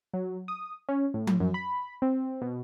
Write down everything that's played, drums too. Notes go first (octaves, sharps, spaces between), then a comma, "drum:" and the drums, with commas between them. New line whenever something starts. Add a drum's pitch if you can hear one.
F#3
D#6
C#4
A2
drum: tom F3
F#2
B5
C4
B2